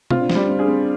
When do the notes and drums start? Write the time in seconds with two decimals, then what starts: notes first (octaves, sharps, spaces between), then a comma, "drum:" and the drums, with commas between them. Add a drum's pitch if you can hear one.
0.10 C4 F4, drum: tom B2
0.20 D4
0.30 C4, drum: snare
0.35 G3 D4
0.49 C4
0.58 D4 G#4
0.68 C4